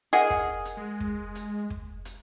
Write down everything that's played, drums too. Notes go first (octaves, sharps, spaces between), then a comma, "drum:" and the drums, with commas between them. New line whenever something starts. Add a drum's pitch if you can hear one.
G#4 A#4 D#5 F#5
drum: kick
drum: hi-hat
G#3
drum: kick
drum: hi-hat
drum: kick
drum: hi-hat